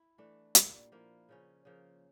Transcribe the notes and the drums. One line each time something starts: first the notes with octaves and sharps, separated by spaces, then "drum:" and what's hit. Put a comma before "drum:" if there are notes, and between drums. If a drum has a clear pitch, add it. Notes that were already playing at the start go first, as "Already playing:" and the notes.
Already playing: E4
E3 A3 D4
A#2 G3 A#3, drum: hi-hat
F3 A#3 E4
C#3 F3 C#4
C#3 F3 A#3